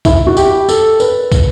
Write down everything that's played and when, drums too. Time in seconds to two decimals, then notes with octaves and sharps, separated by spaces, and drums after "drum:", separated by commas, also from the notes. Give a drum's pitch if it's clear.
0.05 E4, drum: kick, tambourine
0.27 F#4
0.37 G4, drum: tambourine
0.69 A4, drum: tambourine
1.00 B4, drum: tambourine
1.32 drum: kick, tambourine